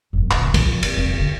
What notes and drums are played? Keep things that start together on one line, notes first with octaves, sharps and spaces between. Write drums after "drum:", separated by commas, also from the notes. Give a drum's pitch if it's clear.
E1 F#2
D1 C#2, drum: clap
A#2 F3, drum: kick, cymbal
C4, drum: cymbal
E1 C#2
D3